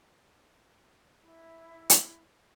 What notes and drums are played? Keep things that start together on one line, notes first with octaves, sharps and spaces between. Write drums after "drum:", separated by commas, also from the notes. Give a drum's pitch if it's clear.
E4
drum: hi-hat